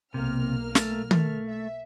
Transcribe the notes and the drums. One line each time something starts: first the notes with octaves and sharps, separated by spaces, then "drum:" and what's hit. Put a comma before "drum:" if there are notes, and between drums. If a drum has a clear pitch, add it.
B1 C3 A#3 F6
A3, drum: snare
A3, drum: tom D#3
E5